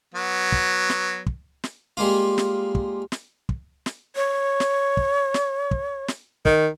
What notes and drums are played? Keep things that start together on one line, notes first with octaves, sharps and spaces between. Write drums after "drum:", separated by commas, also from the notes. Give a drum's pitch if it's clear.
F#3 B3
drum: kick
drum: snare
drum: kick
drum: snare
G3 G#3 A#3 F4
drum: snare
drum: kick
drum: snare
drum: kick
drum: snare
C#5
drum: snare
drum: kick
drum: snare
drum: kick
drum: snare
D#3, drum: kick